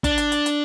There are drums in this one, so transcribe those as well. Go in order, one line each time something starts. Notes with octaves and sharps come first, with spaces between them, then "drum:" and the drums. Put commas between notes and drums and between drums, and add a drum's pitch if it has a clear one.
D4, drum: kick, hi-hat
drum: hi-hat
drum: hi-hat
drum: hi-hat